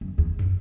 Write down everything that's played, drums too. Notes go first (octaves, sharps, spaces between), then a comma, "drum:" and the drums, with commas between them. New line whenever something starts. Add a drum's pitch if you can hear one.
F#2
E2
drum: tom